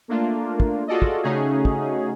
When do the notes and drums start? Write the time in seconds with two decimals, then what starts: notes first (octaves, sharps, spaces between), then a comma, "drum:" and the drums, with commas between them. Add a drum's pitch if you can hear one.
0.08 A3 A#3 D4 F4
0.60 drum: kick
0.87 F4 F#4 G#4 A4 D5 D#5
1.02 drum: kick
1.23 C#3 A3 C#4 D#4 F#4 G#4
1.65 drum: kick